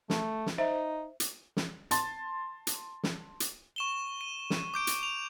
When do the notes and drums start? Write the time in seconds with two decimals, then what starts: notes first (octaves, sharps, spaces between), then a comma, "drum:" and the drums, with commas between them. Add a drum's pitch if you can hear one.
0.10 A3, drum: snare
0.46 drum: snare
0.58 D#4 C5 E5
1.20 drum: hi-hat
1.57 drum: snare
1.91 A5 C6 A6, drum: hi-hat
2.67 drum: hi-hat
3.03 drum: snare
3.40 drum: hi-hat
3.76 C#6 E7 G7
4.21 D#7
4.50 drum: snare
4.74 D6 G6 D7
4.87 drum: hi-hat
5.03 F7